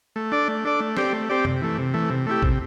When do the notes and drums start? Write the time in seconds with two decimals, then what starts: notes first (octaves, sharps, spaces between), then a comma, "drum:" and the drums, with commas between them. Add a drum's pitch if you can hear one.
0.16 A3
0.32 D4 A4 D5
0.48 A3
0.65 D4 A4 D5
0.80 A3
0.97 C4 G4 D5, drum: snare
1.13 A3
1.29 C4 G4 D5
1.45 C3, drum: tom F#2
1.61 E3 A3
1.78 C3
1.94 E3 A3
2.10 C3
2.27 A3 E4 G4
2.42 C3, drum: kick